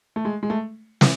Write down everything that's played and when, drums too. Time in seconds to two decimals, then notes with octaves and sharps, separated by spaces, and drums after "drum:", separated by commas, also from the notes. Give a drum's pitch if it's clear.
0.16 A3
0.25 G#3
0.43 G#3
0.50 A3
1.01 E3, drum: snare